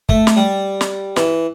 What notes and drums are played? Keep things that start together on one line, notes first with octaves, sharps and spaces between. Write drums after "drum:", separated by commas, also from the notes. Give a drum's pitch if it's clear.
A3, drum: kick
drum: snare
G3
drum: snare
E3, drum: snare